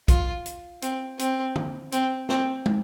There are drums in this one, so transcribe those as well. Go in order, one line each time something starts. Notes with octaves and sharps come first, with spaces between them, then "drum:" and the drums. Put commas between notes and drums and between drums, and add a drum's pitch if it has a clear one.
F4, drum: kick, hi-hat
drum: hi-hat
C4, drum: hi-hat
C4, drum: hi-hat
drum: tom
C4, drum: hi-hat
C4, drum: snare
drum: tom